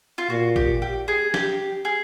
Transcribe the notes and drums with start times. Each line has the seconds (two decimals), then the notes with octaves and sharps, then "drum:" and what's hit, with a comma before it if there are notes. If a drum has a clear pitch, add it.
0.18 F4
0.30 A#2 F#4
0.56 G4, drum: kick
0.82 G4
1.08 G#4
1.34 G4, drum: snare
1.85 G#4